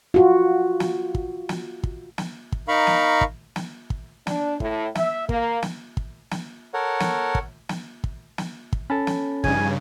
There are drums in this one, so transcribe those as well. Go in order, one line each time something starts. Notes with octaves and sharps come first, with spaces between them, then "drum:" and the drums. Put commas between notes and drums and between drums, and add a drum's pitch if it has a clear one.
F4 F#4
drum: snare
drum: kick
drum: snare
drum: kick
drum: snare
drum: kick
D#4 A#4 F5 B5 C#6
drum: snare
drum: kick
drum: snare
drum: kick
D4, drum: snare
A2, drum: kick
E5, drum: snare
A#3, drum: kick
drum: snare
drum: kick
drum: snare
A4 A#4 C#5 F#5
drum: snare
drum: kick
drum: snare
drum: kick
drum: snare
drum: kick
C#4 A4 A5 B5
drum: snare
G2 C#3 F3 D#4 G#5, drum: kick